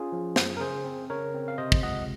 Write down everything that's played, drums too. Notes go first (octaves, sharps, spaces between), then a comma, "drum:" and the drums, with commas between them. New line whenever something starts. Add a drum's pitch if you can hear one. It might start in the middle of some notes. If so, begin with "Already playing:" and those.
Already playing: C#4 F4 G#4
F3
F#2, drum: snare
A#4
C#3 G#4 C5
C4
C#3 A#4 C#5
C4
F5
C3 C5 D#5
drum: kick
C#2 D#5 F#5